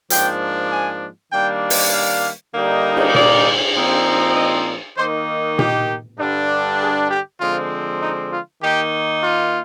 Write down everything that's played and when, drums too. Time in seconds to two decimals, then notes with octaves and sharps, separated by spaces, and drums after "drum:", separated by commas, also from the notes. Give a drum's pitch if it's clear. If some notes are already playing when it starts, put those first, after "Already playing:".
0.10 G#2 F3 A#3 D4 G5, drum: hi-hat
0.71 G#5
1.32 D#3 G3 A#3 D4 G5
1.70 drum: open hi-hat
1.93 F5
2.54 D3 G3 A#3 D#4
2.97 drum: cymbal
3.14 D5, drum: tom A#2
3.75 A#2 F3 C4 D#4
4.36 D#5
4.97 D#3 A#3 D#4 C5
5.59 G4, drum: tom A#2
6.19 G2 D3 G3 D4
6.79 G#4
7.11 G4
7.40 D3 F3 G#3 C4 F4
8.02 D#4
8.32 F4
8.62 D#3 A#3 D#4 G4
9.23 F4